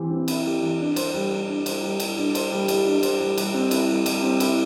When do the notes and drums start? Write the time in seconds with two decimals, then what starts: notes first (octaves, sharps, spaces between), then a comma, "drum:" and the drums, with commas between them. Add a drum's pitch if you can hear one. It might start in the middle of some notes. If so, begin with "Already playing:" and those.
Already playing: E3 C4 E4 G4
0.11 C4
0.28 E4, drum: cymbal
0.46 G4
0.63 E3
0.80 D4
0.96 C5, drum: cymbal
1.14 G3
1.31 G3
1.48 D4
1.66 C5, drum: cymbal
1.83 G3
2.00 G3, drum: cymbal
2.17 D4
2.35 C5, drum: cymbal
2.52 G3
2.68 G3, drum: cymbal
2.86 D4
3.03 C5, drum: cymbal
3.21 G3
3.38 G3, drum: cymbal
3.54 C4
3.71 E4, drum: cymbal
3.89 G3
4.06 G3, drum: cymbal
4.23 C4
4.40 E4, drum: cymbal